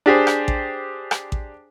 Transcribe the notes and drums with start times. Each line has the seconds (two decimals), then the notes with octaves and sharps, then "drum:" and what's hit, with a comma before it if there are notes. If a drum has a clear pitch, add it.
0.06 D4 G4 G#4 C5
0.27 drum: rim click
0.48 drum: kick A1
1.11 drum: rim click
1.32 drum: kick A1